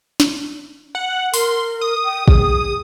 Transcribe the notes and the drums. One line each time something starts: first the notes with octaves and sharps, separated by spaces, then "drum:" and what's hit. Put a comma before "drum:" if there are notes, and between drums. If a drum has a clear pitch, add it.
drum: snare
F#5
A#4 C6, drum: open hi-hat
D#6
G5
G#4, drum: kick